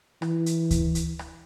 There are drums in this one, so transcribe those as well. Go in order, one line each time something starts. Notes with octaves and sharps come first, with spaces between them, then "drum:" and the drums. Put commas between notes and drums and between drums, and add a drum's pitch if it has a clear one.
E3, drum: rim click
drum: hi-hat
drum: kick D2, hi-hat
drum: hi-hat
drum: rim click